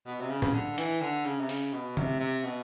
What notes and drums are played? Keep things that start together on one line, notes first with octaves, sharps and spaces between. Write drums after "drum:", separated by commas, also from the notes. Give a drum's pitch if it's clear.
B2
C3
C#3
C#3, drum: tom
D3
E3, drum: hi-hat
D3
C#3
C3
C#3, drum: open hi-hat
B2
C3, drum: tom C#3
C3
B2